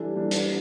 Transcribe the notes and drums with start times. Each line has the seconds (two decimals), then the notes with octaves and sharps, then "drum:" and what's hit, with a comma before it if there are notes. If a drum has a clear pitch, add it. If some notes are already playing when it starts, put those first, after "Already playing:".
Already playing: E3 G3 D4 A4
0.14 E3 G3 D4 A4
0.31 drum: hi-hat